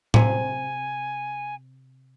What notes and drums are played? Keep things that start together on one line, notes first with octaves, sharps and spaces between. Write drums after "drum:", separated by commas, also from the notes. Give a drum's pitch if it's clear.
C3 G#5, drum: tom A2